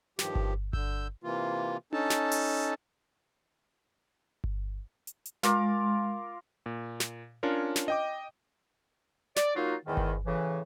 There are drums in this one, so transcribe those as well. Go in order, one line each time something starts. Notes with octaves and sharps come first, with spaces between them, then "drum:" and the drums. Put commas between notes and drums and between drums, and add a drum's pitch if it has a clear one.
G2 D#3 F3 G4, drum: snare
drum: kick G1
D3 E6 G6, drum: kick G1
C3 E3 A#3 F4
C#4 D#4 A4 A5, drum: tom D4
drum: snare
drum: open hi-hat
drum: kick G1
drum: hi-hat
drum: hi-hat
G#3 F4 A#4 D6, drum: snare
A#2
drum: snare
C#4 D4 F4 A#4 C#5
drum: snare
D#5 G5 D6
D5, drum: snare
F#3 A#3 D#4 F4 F#4
E2 G#2 D#3
drum: kick G1
A2 C#3 E3